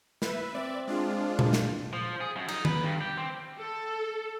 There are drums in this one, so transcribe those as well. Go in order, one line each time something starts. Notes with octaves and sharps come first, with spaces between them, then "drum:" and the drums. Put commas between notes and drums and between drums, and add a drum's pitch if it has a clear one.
B4 E5, drum: snare
C4 D5 E5
G#3 D4 F4
drum: tom A#2
drum: snare
F3
G#4
F#2
D#4, drum: cymbal
B4, drum: tom D#3
G2
G4
C4
A4